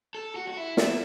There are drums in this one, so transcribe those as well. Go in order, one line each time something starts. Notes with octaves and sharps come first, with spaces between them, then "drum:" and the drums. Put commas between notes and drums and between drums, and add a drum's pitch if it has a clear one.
A4
F#4
F#4
E4
E4, drum: snare